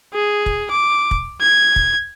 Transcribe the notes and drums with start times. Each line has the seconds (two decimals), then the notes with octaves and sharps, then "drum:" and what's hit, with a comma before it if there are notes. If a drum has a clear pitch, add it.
0.14 G#4
0.46 drum: kick
0.71 D6
1.11 drum: kick
1.41 G#6
1.76 drum: kick